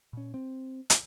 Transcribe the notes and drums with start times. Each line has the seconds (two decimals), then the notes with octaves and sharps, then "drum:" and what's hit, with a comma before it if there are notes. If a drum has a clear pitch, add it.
0.13 A#2 C#4
0.34 C4
0.90 drum: hi-hat